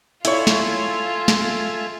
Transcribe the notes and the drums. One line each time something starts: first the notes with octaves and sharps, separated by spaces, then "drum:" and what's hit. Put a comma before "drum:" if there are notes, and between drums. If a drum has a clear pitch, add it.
E4 F4 A4 C#5 E5 G#5, drum: hi-hat
drum: snare
drum: snare